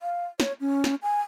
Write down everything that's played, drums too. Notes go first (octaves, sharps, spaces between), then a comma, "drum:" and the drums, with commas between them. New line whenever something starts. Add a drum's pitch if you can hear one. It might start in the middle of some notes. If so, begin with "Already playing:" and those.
F5
C#5, drum: snare
C#4
drum: snare
G#5